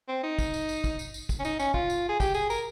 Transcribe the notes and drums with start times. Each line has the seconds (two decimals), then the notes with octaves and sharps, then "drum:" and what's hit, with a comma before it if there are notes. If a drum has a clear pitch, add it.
0.08 C4
0.23 D#4
0.39 drum: kick, tambourine
0.54 drum: tambourine
0.69 drum: tambourine
0.84 drum: kick, tambourine
0.99 drum: tambourine
1.14 drum: tambourine
1.29 drum: kick, tambourine
1.39 C#4
1.45 D#4, drum: tambourine
1.60 C#4, drum: tambourine
1.74 F4, drum: kick
1.90 drum: tambourine
2.09 G#4
2.20 G4, drum: kick, tambourine
2.35 G#4, drum: tambourine
2.50 A#4, drum: tambourine